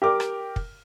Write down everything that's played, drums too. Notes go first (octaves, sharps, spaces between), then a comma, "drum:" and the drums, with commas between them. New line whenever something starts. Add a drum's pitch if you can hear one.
G4 A#4 D6
drum: rim click
drum: kick